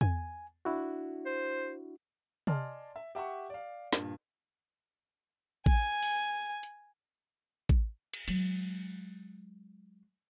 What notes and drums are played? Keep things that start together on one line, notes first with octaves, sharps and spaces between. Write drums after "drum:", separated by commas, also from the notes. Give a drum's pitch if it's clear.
G#5, drum: tom E2
D4 E4 F#4
C5
D5 D#5 G#5 A5 C6 F6, drum: tom C3
E5
G4 E5 F#5 C#6
D5 F5
G2 A#2, drum: snare
G#5, drum: kick A1
drum: open hi-hat
drum: hi-hat
drum: kick A1
drum: cymbal
F#3 G#3, drum: cymbal